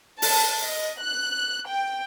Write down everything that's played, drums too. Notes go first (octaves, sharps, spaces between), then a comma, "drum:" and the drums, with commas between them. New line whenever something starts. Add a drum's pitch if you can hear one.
A5, drum: open hi-hat
D#5
F#6
G5